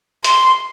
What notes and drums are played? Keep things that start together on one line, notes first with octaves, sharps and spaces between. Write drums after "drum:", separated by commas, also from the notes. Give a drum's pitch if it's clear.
C6, drum: hi-hat